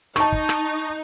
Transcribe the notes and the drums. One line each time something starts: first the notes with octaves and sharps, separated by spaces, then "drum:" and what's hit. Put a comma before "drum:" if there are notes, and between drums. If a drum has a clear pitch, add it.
D#4 A5 C#6, drum: rim click
drum: kick
drum: rim click